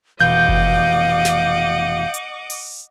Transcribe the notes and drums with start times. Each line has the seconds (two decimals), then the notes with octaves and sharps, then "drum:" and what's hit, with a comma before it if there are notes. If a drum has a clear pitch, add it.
0.20 F1 B2 E3 D#5 F5 F#5 D6 G6
0.49 drum: kick F#1
1.25 drum: snare
2.14 drum: hi-hat
2.50 drum: open hi-hat